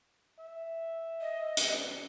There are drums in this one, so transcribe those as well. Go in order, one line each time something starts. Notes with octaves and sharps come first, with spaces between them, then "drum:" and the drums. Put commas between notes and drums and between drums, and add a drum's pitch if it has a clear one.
E5
D#5
drum: hi-hat